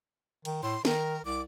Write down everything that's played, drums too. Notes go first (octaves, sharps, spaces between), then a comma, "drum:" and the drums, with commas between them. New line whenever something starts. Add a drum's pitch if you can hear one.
D#3, drum: cymbal
A2 C6
D#3 A#4, drum: snare
C2 D6